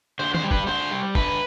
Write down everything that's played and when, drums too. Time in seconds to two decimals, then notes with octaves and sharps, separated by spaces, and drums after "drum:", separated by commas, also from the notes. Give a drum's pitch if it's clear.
0.19 D3 C5
0.34 C5, drum: tom D#3
0.43 G3
0.51 B4, drum: kick
0.67 D3 C5
0.91 G3
1.15 D3 B4, drum: kick